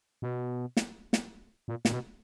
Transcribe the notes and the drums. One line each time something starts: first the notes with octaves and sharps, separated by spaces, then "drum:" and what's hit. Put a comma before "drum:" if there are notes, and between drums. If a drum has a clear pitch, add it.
B2
drum: snare
drum: snare
A#2
A#2, drum: snare
B2